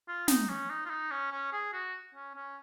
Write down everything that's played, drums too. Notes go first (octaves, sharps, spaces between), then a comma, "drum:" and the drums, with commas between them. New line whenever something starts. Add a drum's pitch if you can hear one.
F4
D#4, drum: snare
C#4
D#4
F4
D#4
C#4
C#4
G#4
F#4
C#4
C#4